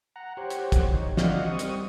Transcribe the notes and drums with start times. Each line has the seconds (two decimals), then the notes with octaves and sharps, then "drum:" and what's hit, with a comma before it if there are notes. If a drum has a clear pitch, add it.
0.16 F#5 A#5
0.37 G4 C5 C#5 F#5
0.50 drum: hi-hat
0.72 drum: kick, hi-hat
0.94 D#4 C#5
1.17 D5 D#5 F5 F#5, drum: snare
1.46 G3 C4 C#6 D#6
1.59 drum: hi-hat